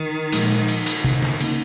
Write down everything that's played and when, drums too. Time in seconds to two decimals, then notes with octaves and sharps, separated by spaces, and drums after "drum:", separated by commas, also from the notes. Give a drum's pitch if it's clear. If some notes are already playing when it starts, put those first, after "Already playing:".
Already playing: D#3
0.32 A#2 F3 G#3 D#4, drum: cymbal
0.68 drum: cymbal
0.86 drum: cymbal
1.04 drum: tom C3
1.22 drum: snare
1.41 C#3 A#3 D#4, drum: cymbal